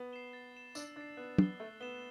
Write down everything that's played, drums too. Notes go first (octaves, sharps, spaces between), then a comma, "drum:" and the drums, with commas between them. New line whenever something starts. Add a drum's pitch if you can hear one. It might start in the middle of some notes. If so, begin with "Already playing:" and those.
Already playing: B3
C7 E7 G7
A6
E7 G7
D4 E6, drum: tambourine
D4 A6 C7
B3 F#6
C7 G7, drum: tom
A3 A6
B3 E7 G7